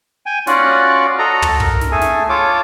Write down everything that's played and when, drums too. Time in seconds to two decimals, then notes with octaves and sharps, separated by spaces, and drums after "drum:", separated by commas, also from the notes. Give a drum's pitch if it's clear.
0.26 G5 G#5
0.47 C#4 F4 F#4 D5 F#5, drum: snare
1.19 F#4 A4 D#5 A#5
1.42 drum: tom
1.60 A#4, drum: kick
1.81 drum: snare
1.91 A3 G#4 A4 G#5
2.01 drum: snare
2.29 F4 A4 C#5 D6